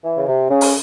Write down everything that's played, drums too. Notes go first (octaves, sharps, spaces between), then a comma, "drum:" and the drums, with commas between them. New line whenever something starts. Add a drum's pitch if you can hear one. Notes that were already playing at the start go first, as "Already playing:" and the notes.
E3
C#3
C3
C#3
drum: open hi-hat